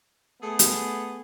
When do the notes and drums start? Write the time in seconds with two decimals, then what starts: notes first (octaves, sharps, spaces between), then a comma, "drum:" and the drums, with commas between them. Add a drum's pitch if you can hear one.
0.41 A3 B3 G#4
0.59 drum: hi-hat